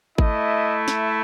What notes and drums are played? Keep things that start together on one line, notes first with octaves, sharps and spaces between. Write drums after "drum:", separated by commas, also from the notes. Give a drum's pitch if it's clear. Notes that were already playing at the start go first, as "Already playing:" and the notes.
A3 E4 D#5, drum: kick G#1
drum: snare